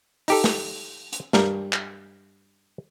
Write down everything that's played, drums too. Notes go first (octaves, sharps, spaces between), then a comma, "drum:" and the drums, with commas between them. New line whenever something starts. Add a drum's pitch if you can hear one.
D#4 G4 A4, drum: open hi-hat
drum: snare
drum: hi-hat
G2 G3 A#4, drum: snare
drum: clap